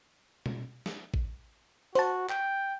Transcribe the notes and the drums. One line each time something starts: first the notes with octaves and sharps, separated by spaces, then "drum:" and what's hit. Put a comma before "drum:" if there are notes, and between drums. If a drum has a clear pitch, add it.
drum: tom B2
drum: snare
drum: kick A1
F#4 C5 A5, drum: open hi-hat
G5, drum: clap